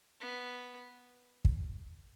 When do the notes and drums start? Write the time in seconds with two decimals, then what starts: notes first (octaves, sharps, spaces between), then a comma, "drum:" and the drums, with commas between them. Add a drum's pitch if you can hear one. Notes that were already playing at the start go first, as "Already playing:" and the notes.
0.20 B3
1.45 drum: kick